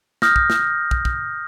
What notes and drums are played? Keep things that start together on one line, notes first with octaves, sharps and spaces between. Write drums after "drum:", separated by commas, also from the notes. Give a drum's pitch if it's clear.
D#6 F6 G6 A#6, drum: snare
drum: kick
drum: snare
drum: kick
drum: kick